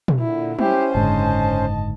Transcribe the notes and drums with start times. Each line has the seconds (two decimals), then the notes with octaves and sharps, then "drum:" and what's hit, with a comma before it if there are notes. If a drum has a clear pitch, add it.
0.08 drum: tom
0.19 A#2 D3 E4
0.59 C#4 E4 G4 C5, drum: tom
0.95 F#1 G#2 D3 D#5 A5